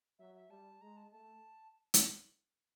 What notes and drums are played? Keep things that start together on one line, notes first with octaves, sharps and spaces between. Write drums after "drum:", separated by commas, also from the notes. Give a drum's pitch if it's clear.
F#3 E5
E5
G3 A5
G#3 A#5
A5
A3 A5
drum: hi-hat